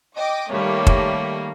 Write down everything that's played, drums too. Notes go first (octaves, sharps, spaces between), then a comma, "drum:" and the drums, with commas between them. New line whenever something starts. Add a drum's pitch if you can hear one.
D#5 G5 D6
D#3 G3 A3 A#3 C#5
drum: kick